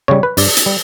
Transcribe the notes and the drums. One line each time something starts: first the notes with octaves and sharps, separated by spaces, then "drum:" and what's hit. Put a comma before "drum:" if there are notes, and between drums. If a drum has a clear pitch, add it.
C#3 G3 C#5
B4
G2 D5, drum: open hi-hat
drum: hi-hat
G3